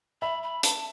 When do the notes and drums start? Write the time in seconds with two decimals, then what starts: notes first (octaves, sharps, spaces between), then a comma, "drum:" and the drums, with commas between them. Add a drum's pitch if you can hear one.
0.22 E5 B5
0.43 B5
0.63 A5, drum: hi-hat